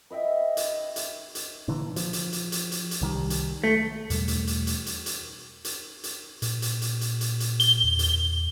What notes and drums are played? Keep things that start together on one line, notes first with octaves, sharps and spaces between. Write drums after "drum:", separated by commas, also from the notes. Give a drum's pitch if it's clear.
B4 D#5 E5 G5
drum: hi-hat
drum: hi-hat
drum: hi-hat
A#2 D3 E3
F3, drum: hi-hat
drum: hi-hat
drum: hi-hat
drum: hi-hat
drum: hi-hat
drum: hi-hat
C2 D#3 G3
drum: hi-hat
A3
E2 B2 G3 A3, drum: hi-hat
drum: hi-hat
drum: hi-hat
drum: hi-hat
drum: hi-hat
drum: hi-hat
drum: hi-hat
drum: hi-hat
A#2, drum: hi-hat
drum: hi-hat
drum: hi-hat
drum: hi-hat
drum: hi-hat
drum: hi-hat
G7, drum: hi-hat
E2
drum: hi-hat